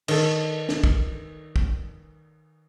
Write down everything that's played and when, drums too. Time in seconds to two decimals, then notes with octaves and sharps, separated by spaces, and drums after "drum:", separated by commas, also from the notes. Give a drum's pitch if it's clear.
0.08 D#3 A4, drum: cymbal
0.69 drum: snare
0.84 drum: kick
1.56 drum: kick